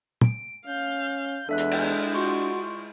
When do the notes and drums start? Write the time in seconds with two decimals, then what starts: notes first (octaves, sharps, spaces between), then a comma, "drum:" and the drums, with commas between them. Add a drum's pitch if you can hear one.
0.21 D7, drum: tom
0.67 C#4 F5 G6
1.49 E2 G#3 D4 E4 A4 E5 F#6
1.58 drum: hi-hat
1.71 drum: cymbal
2.15 F4 F#4 C6 C#6